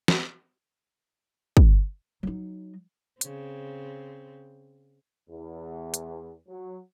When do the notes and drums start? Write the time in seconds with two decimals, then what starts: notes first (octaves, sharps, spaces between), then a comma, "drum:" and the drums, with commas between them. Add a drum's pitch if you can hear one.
0.08 drum: snare
1.57 drum: kick
2.23 F#3 D#4
3.21 C#3 C4, drum: hi-hat
5.30 E2
5.94 drum: hi-hat
6.48 F#3